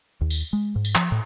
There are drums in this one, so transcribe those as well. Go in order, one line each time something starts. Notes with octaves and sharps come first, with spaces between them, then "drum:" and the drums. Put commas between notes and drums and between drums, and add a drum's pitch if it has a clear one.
D#2
drum: tambourine
G#3
G#2
drum: tambourine
F3, drum: clap
A2